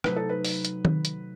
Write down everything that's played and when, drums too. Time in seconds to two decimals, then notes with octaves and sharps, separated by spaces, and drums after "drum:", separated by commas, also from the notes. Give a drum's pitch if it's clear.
0.04 C3 F#3 A3 D#4 B4, drum: rim click
0.16 A4
0.30 B4
0.45 drum: open hi-hat
0.65 drum: hi-hat
0.85 drum: tom D#3
1.05 drum: hi-hat